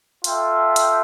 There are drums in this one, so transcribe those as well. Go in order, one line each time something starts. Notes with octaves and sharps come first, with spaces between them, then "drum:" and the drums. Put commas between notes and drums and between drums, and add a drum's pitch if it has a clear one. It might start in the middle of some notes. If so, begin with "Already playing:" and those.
F4 A4 E5 G5, drum: hi-hat
drum: hi-hat